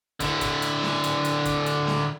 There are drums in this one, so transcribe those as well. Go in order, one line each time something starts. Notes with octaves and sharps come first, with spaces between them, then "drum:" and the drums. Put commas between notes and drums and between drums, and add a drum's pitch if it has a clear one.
D3 E4, drum: kick, hi-hat
drum: kick, hi-hat
drum: hi-hat
drum: snare
drum: hi-hat
drum: hi-hat
drum: kick, hi-hat
drum: hi-hat
drum: snare